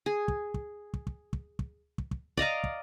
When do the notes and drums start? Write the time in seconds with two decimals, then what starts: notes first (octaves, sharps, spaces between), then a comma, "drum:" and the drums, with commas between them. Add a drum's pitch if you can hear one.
0.06 G#4
0.28 drum: kick
0.54 drum: kick
0.94 drum: kick
1.07 drum: kick
1.33 drum: kick
1.59 drum: kick
1.98 drum: kick
2.11 drum: kick
2.37 D5 D#5 F5 A#5, drum: kick
2.64 drum: kick